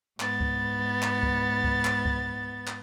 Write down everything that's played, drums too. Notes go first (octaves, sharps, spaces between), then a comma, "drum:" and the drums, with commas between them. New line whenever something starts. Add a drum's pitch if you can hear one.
G#2 B3 A6, drum: clap
drum: kick C#2
drum: clap
drum: kick C#2
drum: kick C#2
drum: clap
drum: kick C#2
drum: clap